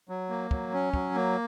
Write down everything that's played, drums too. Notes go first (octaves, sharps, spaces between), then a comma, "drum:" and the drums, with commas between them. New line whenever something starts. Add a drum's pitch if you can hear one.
F#3
A#3
F#3, drum: kick
C#4
F#3, drum: kick
A#3